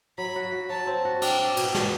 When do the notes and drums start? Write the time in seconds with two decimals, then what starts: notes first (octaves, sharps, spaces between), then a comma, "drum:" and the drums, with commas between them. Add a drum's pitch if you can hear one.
0.18 F#3 B5
0.36 F#4
0.52 F#4
0.69 F#3 A5
0.87 C4
1.05 F#4
1.22 D4 G5, drum: cymbal
1.39 D4
1.57 B2, drum: cymbal
1.75 B2, drum: snare